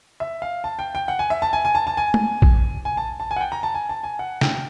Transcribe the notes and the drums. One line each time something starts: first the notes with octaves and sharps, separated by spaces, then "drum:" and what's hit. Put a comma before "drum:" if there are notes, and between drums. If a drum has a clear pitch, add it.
E5
F5
A5
G5
G5
F#5
G#5
E5
A5
G#5
G#5
A5
A5
G#5
drum: tom G#3
drum: kick A#1
G#5
A5
A5
G#5
F#5
G5
A#5
A5
G#5
A5
G#5
F#5
G5, drum: snare